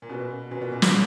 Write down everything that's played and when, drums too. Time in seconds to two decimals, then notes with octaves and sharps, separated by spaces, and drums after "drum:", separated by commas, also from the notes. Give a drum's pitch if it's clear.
0.02 A#2
0.10 B2 C#4 F#4 B4
0.51 A#2 C#4 F#4 B4
0.61 B2
0.72 A#2
0.82 B2, drum: snare